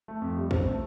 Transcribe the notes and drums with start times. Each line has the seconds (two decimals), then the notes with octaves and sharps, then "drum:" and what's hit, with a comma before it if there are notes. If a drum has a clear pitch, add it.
0.08 A3
0.22 F2
0.37 G3
0.51 C4, drum: kick
0.66 A3